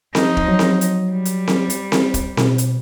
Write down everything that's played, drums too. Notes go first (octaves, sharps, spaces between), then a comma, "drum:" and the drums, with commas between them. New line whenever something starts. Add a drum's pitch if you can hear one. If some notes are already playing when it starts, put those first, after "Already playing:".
F3 D#4, drum: snare C4
drum: kick
F#3
drum: snare C4
drum: hi-hat
G3
drum: hi-hat
drum: snare C4
drum: hi-hat
drum: snare C4
drum: kick, hi-hat
B2, drum: snare C4
drum: hi-hat